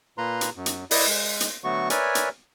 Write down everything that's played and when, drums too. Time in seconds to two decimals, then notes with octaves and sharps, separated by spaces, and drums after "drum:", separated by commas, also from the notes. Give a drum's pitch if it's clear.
0.18 A#2 A#3 B4 A#5 C6
0.41 drum: hi-hat
0.56 F#2
0.66 drum: hi-hat
0.91 E4 D5 D#5, drum: open hi-hat
1.07 G#3
1.40 drum: hi-hat
1.64 D3 F#3 A3 B3 F#4 C#6
1.90 A#4 B4 C#5 D5 E5 G#5, drum: hi-hat
2.15 drum: hi-hat